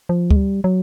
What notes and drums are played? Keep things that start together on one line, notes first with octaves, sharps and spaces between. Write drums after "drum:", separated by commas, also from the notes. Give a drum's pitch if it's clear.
F3
G#3, drum: kick D2
G3
F#3